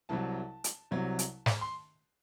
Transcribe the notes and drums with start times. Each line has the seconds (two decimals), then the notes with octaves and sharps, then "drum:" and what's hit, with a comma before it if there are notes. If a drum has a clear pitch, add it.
0.09 C2 C3 F#3 A5
0.64 drum: hi-hat
0.91 C2 C3 F#3
1.19 drum: hi-hat
1.46 drum: snare
1.61 C6